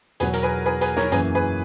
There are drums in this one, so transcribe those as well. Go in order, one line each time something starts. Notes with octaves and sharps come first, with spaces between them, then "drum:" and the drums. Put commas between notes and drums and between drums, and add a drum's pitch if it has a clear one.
E2 B2 F#3 G#4 B4, drum: hi-hat
A#4, drum: hi-hat
G#4 B4
G#4 B4
G#4 B4, drum: hi-hat
A#4 C#5, drum: snare
F#2 E3 A#3 G#4 B4, drum: hi-hat
G#4 B4